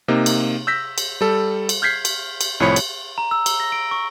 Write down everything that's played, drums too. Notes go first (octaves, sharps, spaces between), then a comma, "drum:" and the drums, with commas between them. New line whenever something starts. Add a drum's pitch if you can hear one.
C3 A#3 D#4
drum: cymbal
E6 G6 A#6 B6
drum: cymbal
G3 A4
drum: cymbal
F6 G6 G#6 B6 C7
drum: cymbal
drum: cymbal
C2 A2 F3 C#5 B5 C#7
drum: cymbal
A#5
E6
G7, drum: cymbal
A#6
D7
C#6